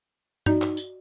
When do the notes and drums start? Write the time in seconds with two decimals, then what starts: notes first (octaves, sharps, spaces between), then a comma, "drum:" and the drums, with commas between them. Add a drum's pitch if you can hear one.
0.46 D#4 F#4 D5 D#5, drum: tom G2
0.62 drum: clap
0.77 drum: tambourine